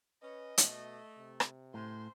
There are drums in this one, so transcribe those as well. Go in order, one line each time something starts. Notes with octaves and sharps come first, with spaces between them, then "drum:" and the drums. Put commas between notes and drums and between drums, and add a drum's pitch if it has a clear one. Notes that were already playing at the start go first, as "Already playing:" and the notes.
C#4 B4 D#5
B2 A3, drum: hi-hat
C3
drum: rim click
A2 C#3 C5 C6